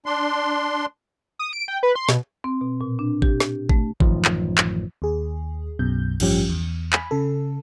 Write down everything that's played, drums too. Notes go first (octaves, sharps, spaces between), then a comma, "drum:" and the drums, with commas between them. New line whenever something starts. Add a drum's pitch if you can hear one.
D4 C6
D#6
D7
G5
B4
C6
B2, drum: snare
C4
B2
A#2
D4
G4, drum: kick G#1
drum: snare
A3, drum: kick G#1
A1 F#2 D#3 F3, drum: kick G#1
drum: clap
drum: clap
D#2 G#4
B1 F#2 B2 G6
A1 G2 F3 C#4 G4 G5, drum: cymbal
E2
G#5 B5, drum: clap
C#3 A4